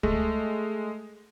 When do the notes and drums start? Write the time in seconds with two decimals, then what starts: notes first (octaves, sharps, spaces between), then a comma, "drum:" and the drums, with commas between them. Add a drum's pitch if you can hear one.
0.03 G#3 A3, drum: kick C#2